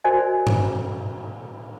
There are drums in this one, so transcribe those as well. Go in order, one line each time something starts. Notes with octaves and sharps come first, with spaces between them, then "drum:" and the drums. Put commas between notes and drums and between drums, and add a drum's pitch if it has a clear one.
F#4 A#4 C5 D5 D#5 G#5
drum: tom G2